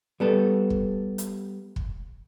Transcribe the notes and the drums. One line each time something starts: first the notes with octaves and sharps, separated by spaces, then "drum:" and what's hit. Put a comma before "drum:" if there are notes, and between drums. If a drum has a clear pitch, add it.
G3 B3 A4
drum: kick
drum: hi-hat
drum: kick